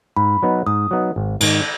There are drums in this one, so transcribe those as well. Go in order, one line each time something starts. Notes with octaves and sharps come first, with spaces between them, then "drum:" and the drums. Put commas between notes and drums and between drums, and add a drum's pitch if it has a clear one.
G#2 B5
F#3 B3 D#4
G#2 D#6
F#3 B3 D#4
G#1
G#2 D#3, drum: cymbal